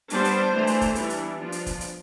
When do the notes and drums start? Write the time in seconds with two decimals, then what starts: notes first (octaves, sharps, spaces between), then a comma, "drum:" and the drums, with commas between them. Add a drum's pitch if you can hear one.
0.10 G3 B3 D4 C5, drum: hi-hat
0.25 drum: hi-hat
0.53 E3 A3 D4
0.67 drum: hi-hat
0.81 drum: kick F1, hi-hat
0.95 E3 G3 B3 D4 E4, drum: hi-hat
1.10 drum: hi-hat
1.38 F3 B3 D4 F4
1.52 drum: hi-hat
1.66 drum: kick F1, hi-hat
1.81 drum: hi-hat